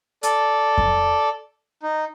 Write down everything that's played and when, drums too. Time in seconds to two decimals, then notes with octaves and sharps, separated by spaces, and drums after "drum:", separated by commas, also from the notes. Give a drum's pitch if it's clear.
0.23 A4 D5, drum: hi-hat
0.78 drum: kick F2
1.83 D#4